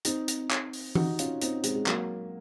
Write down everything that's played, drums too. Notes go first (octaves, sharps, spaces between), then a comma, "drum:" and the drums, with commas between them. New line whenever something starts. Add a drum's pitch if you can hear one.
C4 D#4, drum: hi-hat
drum: hi-hat
drum: clap
drum: open hi-hat
D#4 F#4, drum: tom E3
C#4 F4, drum: hi-hat
C4 D#4, drum: hi-hat
G#3 C4, drum: hi-hat
G#3
F#3 A#3, drum: clap